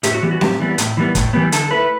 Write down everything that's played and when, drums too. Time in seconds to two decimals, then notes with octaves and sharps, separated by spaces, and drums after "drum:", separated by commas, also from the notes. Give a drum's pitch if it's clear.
0.03 A2 G4, drum: hi-hat
0.13 F#4
0.22 E3 G3 B3 G4
0.31 F#4
0.41 A2 G4, drum: snare C4
0.60 E3 G3 B3
0.78 A2, drum: hi-hat
0.97 E3 G3 B3
1.15 A2, drum: kick, hi-hat
1.33 E3 G3 B3
1.52 D3 A4, drum: hi-hat
1.71 A3 E4 B4